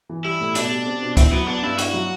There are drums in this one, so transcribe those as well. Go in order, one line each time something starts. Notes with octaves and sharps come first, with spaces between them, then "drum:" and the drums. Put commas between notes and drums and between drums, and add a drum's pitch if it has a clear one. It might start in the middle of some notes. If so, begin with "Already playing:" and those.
E3
G3 E4
A2
B2 D4, drum: hi-hat
G3
C4
B2
C4 E4, drum: kick C#2, hi-hat
F#3 B3
B3 D4
G2 E4
E4 F#4, drum: hi-hat
F#3